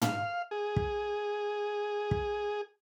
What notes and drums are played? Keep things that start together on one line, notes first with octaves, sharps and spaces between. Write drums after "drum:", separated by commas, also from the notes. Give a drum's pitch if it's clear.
F5, drum: tom
G#4
drum: kick
drum: kick